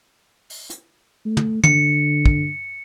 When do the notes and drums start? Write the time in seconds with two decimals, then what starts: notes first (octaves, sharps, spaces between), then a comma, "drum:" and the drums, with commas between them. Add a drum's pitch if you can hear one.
0.50 drum: open hi-hat
0.70 drum: hi-hat
1.25 A3
1.37 drum: tom
1.64 D3 C#7, drum: tom
2.26 drum: kick